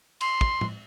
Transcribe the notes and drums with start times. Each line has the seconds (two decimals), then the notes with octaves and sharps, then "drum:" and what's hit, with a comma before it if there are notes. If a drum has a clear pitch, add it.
0.21 C6, drum: cymbal
0.41 drum: kick
0.61 drum: tom